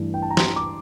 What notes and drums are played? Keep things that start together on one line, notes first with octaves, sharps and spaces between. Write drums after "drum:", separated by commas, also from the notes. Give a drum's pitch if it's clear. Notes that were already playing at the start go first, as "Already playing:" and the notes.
Already playing: G2 E3 A3 D4
G5
A5
A#5
C6, drum: snare
D6